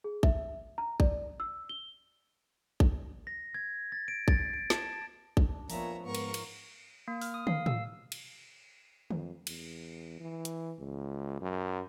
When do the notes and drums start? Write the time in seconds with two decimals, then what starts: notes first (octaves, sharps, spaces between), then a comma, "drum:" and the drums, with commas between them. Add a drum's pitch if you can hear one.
0.04 G#4
0.23 E5, drum: kick A1
0.78 A#5
1.00 D5, drum: kick A1
1.40 E6
1.69 G7
2.80 drum: kick A1
3.27 A#6
3.54 G#6
3.92 A6
4.08 D7
4.28 A6, drum: kick A1
4.54 D7
4.70 A5, drum: snare
5.37 D4, drum: kick A1
5.70 A#2 F3 B3 C#5 E5 A#5, drum: open hi-hat
6.05 G#2 B3 A#4 C#6
6.15 drum: cymbal
6.34 drum: cymbal
7.08 A#3
7.21 F6, drum: open hi-hat
7.34 D#6
7.47 F5, drum: tom
7.66 E6, drum: tom A2
8.12 drum: cymbal
9.11 F2, drum: tom
9.47 E2, drum: cymbal
10.20 E3
10.45 drum: hi-hat
10.79 C#2
11.41 F#2